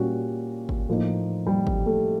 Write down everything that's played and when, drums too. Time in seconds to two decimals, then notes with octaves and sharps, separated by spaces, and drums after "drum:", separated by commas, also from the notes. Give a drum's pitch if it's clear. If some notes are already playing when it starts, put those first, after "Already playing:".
Already playing: A#2 G3 C#4 F#4
0.69 drum: kick
0.88 A2 F3 A#3 D#4
1.47 G3 G4
1.67 drum: kick
1.86 A3 A4